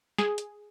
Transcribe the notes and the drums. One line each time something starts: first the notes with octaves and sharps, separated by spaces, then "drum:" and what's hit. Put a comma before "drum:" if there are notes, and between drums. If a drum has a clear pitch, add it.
G#4, drum: snare
drum: hi-hat